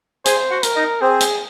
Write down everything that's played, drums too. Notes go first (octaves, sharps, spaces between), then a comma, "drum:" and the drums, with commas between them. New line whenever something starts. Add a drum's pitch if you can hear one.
G#4 C5 G#5, drum: hi-hat
F#4 F#5
A#4, drum: hi-hat
D#4 D#5
C4 G#4 C5
drum: hi-hat